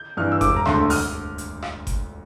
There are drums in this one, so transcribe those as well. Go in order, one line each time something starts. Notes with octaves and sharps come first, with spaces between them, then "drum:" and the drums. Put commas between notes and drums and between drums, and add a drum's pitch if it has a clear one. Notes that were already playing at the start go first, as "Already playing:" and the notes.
Already playing: G6
G2 E3 F6
E6
E1 D6, drum: kick G1, hi-hat
A#5
D2 D3 A3 C6, drum: rim click
F6, drum: open hi-hat
drum: hi-hat
drum: rim click
drum: kick G1, hi-hat